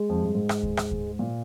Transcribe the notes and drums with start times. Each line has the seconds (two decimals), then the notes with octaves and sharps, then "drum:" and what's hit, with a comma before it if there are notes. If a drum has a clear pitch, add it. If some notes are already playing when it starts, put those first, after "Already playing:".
Already playing: G#3
0.10 F2
0.22 G2
0.35 G#2
0.49 drum: rim click
0.63 drum: kick D2
0.77 drum: rim click
0.91 drum: kick D2
1.19 A#2